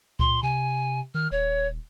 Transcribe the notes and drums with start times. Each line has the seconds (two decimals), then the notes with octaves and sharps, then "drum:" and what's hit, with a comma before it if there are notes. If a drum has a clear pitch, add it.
0.19 A#2 C6, drum: kick C#2
0.43 C3 G#5
1.14 D#3 F6
1.31 D#1 C#5